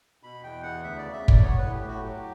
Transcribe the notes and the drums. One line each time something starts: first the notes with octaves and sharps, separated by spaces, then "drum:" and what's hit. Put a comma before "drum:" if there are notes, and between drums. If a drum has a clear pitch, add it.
B2 B5
E2 G5
B3 F#5
D2 E5
C#3 D5
E5
D2
D5, drum: kick
B3 C#5
B4
A2
G4
A2 F#4
F#3 G4